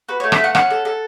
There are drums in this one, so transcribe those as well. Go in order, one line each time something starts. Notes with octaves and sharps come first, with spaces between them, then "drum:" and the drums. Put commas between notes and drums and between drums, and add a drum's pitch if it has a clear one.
F#4 B4
A3 C#5
E5, drum: rim click
A3
F#5
C#4 F#5, drum: rim click
A4
A4